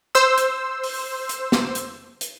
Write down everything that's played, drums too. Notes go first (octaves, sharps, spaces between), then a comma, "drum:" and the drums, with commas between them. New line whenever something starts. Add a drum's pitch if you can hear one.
C5 E6
drum: hi-hat
drum: open hi-hat
drum: hi-hat
drum: snare
drum: hi-hat
drum: hi-hat